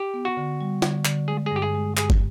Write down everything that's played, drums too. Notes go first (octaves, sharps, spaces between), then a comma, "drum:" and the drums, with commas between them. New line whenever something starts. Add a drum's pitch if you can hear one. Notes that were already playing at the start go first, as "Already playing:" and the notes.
Already playing: G4
B3
F#4
D3
G3
D3, drum: snare
D3, drum: clap
G#3 G#4
G2 G#4
G4
G#4
G#3
G2 G#4, drum: clap
drum: kick